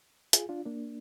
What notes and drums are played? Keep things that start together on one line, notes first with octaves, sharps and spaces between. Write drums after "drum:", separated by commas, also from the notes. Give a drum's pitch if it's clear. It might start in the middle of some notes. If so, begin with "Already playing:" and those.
F4 G#4, drum: hi-hat
D4 F4
A#3 D4